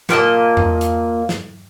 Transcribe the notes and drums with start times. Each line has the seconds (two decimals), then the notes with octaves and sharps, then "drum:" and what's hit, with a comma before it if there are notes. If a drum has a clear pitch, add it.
0.09 A#2 A#3 D#5 A5, drum: snare
0.57 drum: tom E2
0.81 drum: hi-hat
1.29 drum: snare